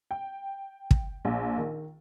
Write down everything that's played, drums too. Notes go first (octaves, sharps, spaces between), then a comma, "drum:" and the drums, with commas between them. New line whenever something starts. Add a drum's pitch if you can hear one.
G5
drum: kick
A#1
D#3